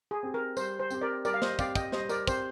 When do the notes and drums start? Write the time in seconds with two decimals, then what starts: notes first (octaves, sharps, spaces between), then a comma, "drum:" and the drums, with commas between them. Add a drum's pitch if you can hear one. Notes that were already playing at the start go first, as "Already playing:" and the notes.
0.11 G#4
0.23 C4 G4
0.34 A#4
0.57 G3 C5, drum: tambourine
0.79 C5
0.90 C4 G4, drum: tambourine
1.01 A#4 D5
1.25 G3 A#4 D5, drum: tambourine
1.34 F5
1.42 C5 D#5, drum: snare
1.59 C4 G4 D5 F5, drum: kick, tambourine
1.75 D#5 G5, drum: kick, tambourine
1.92 G3 C5 D#5, drum: snare
2.09 A#4 D5, drum: tambourine
2.27 C4 G4 C5, drum: kick, tambourine